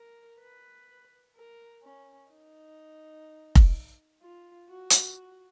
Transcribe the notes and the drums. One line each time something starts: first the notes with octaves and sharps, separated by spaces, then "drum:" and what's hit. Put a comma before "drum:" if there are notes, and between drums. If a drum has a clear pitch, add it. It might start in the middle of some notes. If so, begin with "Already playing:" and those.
Already playing: A#4
B4
A#4
C#4
D#4
drum: kick F1
F4
F#4
drum: hi-hat